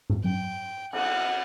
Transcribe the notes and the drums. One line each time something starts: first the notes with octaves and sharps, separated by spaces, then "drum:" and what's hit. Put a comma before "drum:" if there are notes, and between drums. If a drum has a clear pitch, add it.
drum: tom
G5, drum: tom F#3
F#5, drum: cymbal